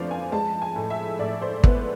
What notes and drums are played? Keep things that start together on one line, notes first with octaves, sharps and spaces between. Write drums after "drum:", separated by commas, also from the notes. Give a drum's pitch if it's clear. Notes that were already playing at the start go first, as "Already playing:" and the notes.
Already playing: F2 D3 F3 A3 B4 C5 D5 F5
G#5
G#3 A5
G#5
A2
E5
A2 D5
C5
B3 B4, drum: kick